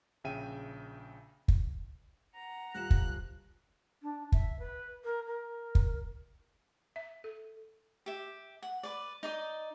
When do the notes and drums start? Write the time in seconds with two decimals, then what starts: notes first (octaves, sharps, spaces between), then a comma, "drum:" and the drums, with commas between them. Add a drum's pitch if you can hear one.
0.24 A#1 C#3 E5 G5 D#7
1.48 drum: kick
2.34 F#5 A#5
2.74 D#1 F4 F#6 E7
2.91 drum: kick
4.02 D4
4.32 E5, drum: kick
4.59 B4
5.04 A#4
5.26 A#4
5.75 drum: kick
6.96 E5
7.24 A4
8.06 G4 E5
8.62 F#5
8.83 B4 D5
9.23 D#4 D5 D#5